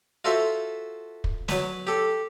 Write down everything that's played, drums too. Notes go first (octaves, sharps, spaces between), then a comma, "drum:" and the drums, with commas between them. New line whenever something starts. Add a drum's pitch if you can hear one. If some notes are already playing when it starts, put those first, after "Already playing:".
F4 F#4 A4 C5 E5
drum: kick
F#3 B4, drum: snare
G4 A4